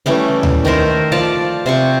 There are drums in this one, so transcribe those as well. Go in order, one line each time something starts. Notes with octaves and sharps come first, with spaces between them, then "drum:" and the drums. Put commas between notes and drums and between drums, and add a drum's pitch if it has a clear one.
E3 G3 A3 C#4
drum: tom D2
D#3 A3 A#4 C5
F3 D5 F5 A5
C3 C6 C#6